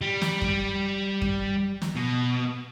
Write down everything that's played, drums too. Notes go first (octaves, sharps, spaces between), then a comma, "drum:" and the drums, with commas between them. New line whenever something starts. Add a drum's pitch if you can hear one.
G3
drum: snare
drum: kick F#2
drum: kick F#2
drum: snare
B2